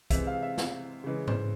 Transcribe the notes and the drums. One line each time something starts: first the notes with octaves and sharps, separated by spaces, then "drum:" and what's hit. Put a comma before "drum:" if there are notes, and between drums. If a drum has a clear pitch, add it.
C3 E3 G#3 C4 E5, drum: kick, hi-hat
F5
E5
drum: snare
C#3 E3 G#3 C#4
C5, drum: tom G#2